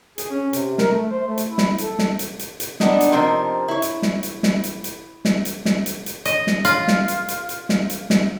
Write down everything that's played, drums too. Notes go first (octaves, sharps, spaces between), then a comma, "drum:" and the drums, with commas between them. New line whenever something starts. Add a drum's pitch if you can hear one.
G#4, drum: hi-hat
C#4
C3, drum: hi-hat
A#4, drum: snare
A3
C5
A3
drum: hi-hat
E4
drum: snare
A4, drum: hi-hat
drum: snare
drum: hi-hat
drum: hi-hat
drum: hi-hat
B3 D4 D#4, drum: snare
drum: hi-hat
C3 F3 C4 D#4 A#4
E4 C#5
drum: hi-hat
drum: snare
drum: hi-hat
drum: snare
drum: hi-hat
drum: hi-hat
drum: snare
drum: hi-hat
drum: snare
drum: hi-hat
drum: hi-hat
D#5, drum: hi-hat
drum: snare
F4, drum: hi-hat
drum: snare
drum: hi-hat
drum: hi-hat
drum: hi-hat
drum: snare
drum: hi-hat
drum: snare